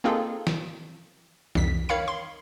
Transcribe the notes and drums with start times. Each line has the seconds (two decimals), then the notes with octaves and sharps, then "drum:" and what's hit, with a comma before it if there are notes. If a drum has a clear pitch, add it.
0.04 A#3 C4 D#4 F4 G#4 A4
0.47 drum: snare
1.55 C2 F2 B6, drum: tom E3
1.89 D#3 C#5 F5 B5 C#7
2.08 C6